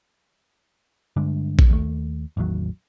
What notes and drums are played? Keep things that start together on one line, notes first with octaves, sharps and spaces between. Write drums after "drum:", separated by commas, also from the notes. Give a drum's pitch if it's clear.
G2 D3 G#3 D4
drum: kick A#1
D#2 A3
A1 E2 D#3 F#3